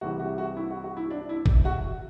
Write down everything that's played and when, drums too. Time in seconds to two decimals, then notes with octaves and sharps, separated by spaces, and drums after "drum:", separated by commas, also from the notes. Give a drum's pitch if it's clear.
0.01 C2 C3 E3 G3 F#4
0.19 F#4
0.38 F#4
0.57 E4
0.70 F#4
0.84 F#4
0.97 E4
1.10 D4
1.29 E4
1.46 drum: kick A#1
1.65 F#4